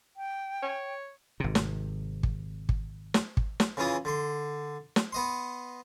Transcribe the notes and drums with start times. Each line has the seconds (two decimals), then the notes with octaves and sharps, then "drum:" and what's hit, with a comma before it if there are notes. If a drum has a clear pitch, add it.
0.17 G5
0.63 C#5
1.40 G#1 C3
1.55 drum: snare
2.23 drum: kick
2.69 drum: kick
3.14 drum: snare
3.37 drum: kick
3.60 drum: snare
3.77 C#3 E3 F4 D#6
4.05 D3 C6
4.96 drum: snare
5.13 B3 D#5 C6